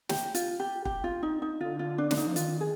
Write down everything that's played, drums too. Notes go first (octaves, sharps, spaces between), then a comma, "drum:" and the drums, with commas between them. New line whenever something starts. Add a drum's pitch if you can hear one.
G4, drum: snare
F4, drum: hi-hat
G4
G4, drum: kick
F4
D#4
D#4
D3 F4
F4
D4
D4, drum: snare
D#4
F3
D#3 F4, drum: hi-hat
G#4